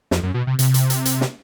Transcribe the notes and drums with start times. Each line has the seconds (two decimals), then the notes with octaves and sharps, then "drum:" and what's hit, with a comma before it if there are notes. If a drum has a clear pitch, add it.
0.11 F2, drum: snare
0.23 F#2
0.34 B2
0.47 C3
0.59 C3, drum: hi-hat
0.74 drum: hi-hat
0.90 drum: hi-hat
1.05 drum: hi-hat
1.21 drum: snare